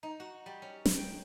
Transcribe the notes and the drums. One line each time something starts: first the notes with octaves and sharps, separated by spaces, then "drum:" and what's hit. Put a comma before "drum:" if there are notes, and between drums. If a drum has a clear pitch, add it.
D#4
F#4
G3
C#4
drum: snare
G5